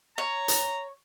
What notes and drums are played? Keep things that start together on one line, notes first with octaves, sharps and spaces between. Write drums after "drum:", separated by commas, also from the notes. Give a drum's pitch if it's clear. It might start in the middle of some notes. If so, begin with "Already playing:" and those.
C#5 A#5
drum: hi-hat